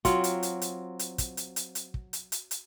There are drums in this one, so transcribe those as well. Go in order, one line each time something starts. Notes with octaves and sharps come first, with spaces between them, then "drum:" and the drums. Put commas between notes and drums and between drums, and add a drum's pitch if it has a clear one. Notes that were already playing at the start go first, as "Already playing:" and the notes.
F#3 C4 F4, drum: kick, hi-hat
drum: hi-hat
drum: hi-hat
drum: hi-hat
drum: hi-hat
drum: kick, hi-hat
drum: hi-hat
drum: hi-hat
drum: hi-hat
drum: kick
drum: hi-hat
drum: hi-hat
drum: hi-hat